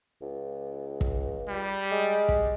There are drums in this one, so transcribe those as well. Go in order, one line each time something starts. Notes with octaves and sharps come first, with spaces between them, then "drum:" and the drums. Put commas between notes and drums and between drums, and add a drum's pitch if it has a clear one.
C#2
drum: kick
G3
G#3
drum: kick